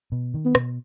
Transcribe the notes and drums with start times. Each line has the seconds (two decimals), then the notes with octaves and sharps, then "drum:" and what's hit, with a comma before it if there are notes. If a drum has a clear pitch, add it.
0.12 B2
0.34 D#3
0.45 B3
0.55 B2, drum: rim click